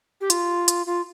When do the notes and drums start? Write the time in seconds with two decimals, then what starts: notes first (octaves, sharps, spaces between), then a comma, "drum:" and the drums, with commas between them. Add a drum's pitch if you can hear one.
0.21 G4
0.30 F4, drum: hi-hat
0.68 drum: hi-hat
0.86 F4